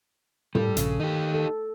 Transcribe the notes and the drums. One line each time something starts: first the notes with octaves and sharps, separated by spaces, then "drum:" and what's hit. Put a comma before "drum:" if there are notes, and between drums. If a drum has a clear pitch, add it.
A2 G3 A4, drum: tom
A#1 C#3, drum: hi-hat
D#3 D#4 G4
A4